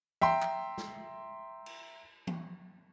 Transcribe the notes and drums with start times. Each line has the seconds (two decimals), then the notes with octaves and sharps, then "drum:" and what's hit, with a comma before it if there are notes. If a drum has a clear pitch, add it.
0.21 E5 G5 A#5 C6, drum: tom E3
0.42 drum: clap
0.78 drum: snare
1.66 drum: cymbal
2.27 drum: tom E3